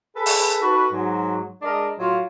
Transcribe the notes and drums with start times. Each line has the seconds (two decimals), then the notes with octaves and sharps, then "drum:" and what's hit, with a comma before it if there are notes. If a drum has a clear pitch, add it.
0.15 G#4 A4 B4
0.26 drum: open hi-hat
0.62 D#4 F#4 A4 B4
0.92 G#2 F#3
1.62 G#3 D4 A#4 D#5
1.98 A2 F#3 F4